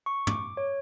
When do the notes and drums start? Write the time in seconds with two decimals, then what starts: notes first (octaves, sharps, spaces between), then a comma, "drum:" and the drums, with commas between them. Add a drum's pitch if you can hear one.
0.06 C#6
0.27 D6, drum: tom
0.57 C#5